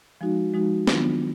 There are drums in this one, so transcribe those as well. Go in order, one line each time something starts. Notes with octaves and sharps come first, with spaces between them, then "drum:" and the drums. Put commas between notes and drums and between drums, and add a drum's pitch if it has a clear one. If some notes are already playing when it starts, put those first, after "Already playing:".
F3 G#3 D#4 F#4
F3 G#3 D#4 F#4
D#3 F#3 B3 D4 F4, drum: snare